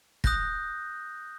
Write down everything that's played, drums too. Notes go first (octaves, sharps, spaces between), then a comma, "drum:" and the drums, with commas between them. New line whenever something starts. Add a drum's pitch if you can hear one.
D#6 F#6 G6 A#6, drum: kick